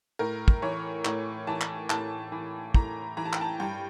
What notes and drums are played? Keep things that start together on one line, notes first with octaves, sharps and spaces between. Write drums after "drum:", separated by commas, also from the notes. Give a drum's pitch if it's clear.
A2 A#4
drum: kick
E3 C#5
A2, drum: clap
E3 A5
drum: clap
A2 A5, drum: clap
E3
A2 A#5, drum: kick
E3 A#5
A5
G5, drum: clap
A5
G2 G5